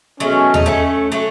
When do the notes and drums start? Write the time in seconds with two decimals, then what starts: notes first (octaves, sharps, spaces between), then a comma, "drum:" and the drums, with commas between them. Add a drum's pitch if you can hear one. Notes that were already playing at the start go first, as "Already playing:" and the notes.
0.20 B2 F#3 G#3 A3 C#4
0.54 D#4, drum: tom D#2
0.66 A3 C#4
1.12 F#3 A3